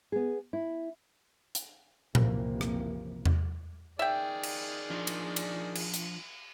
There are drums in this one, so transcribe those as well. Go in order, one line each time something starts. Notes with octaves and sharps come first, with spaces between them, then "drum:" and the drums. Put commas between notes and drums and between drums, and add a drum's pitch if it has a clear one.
B3 G#4
E4
drum: hi-hat
F#1 C2 C3 E3 F3 A#3, drum: tom A#2
drum: rim click
drum: tom E2
D#3 G#4 D5 E5 G5
drum: cymbal
F3 D4
drum: cymbal
drum: cymbal
drum: cymbal
drum: hi-hat